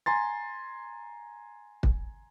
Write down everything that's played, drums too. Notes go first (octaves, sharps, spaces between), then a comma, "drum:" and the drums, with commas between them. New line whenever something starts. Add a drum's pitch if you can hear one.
G#5 A#5 C6 A6
drum: kick